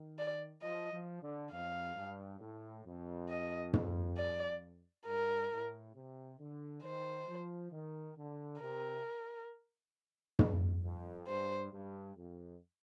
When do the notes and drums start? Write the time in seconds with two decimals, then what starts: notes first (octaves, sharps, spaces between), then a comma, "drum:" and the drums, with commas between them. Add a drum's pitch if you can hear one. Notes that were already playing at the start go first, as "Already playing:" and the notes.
Already playing: D#3
0.19 D5
0.62 F3 D#5
0.92 F3
1.22 D3
1.52 F2 F5
1.96 G2
2.40 A2
2.85 F2
3.29 D#5
3.73 drum: tom
4.18 D5
5.07 G2 A#4
5.51 A2
5.95 C3
6.39 D3
6.83 D#3 C5
7.28 F3
7.72 D#3
8.17 D3
8.61 C3 A#4
10.39 drum: tom
10.83 F2
11.28 G2 C5
11.72 G2
12.17 F2